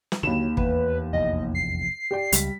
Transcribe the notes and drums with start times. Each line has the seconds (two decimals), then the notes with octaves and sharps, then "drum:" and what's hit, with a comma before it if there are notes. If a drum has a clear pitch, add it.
0.12 drum: snare
0.23 D#2 D3 F3 F#3 B5 E7
0.57 E2 B4, drum: kick
1.13 F1 A#1 E2 D#5
1.55 C7
2.11 G4 D5 G5
2.32 C#2 G3 B6, drum: hi-hat